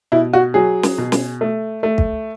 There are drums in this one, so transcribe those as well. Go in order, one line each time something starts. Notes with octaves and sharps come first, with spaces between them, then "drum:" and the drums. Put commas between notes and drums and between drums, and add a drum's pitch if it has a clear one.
B2 E4
F#4
F#3 G#4
drum: snare
B2
drum: snare
A3
A3
drum: kick